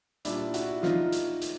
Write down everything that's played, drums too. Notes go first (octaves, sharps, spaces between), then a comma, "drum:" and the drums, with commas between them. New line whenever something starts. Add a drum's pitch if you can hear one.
A#2 G3 D4 E4, drum: hi-hat
E4 F#4, drum: hi-hat
D#4 F4, drum: snare
drum: hi-hat
drum: hi-hat